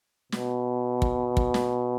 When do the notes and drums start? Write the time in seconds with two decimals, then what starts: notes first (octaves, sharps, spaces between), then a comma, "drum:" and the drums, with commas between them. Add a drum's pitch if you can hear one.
0.32 B2, drum: snare
1.02 drum: kick
1.37 drum: kick
1.54 drum: snare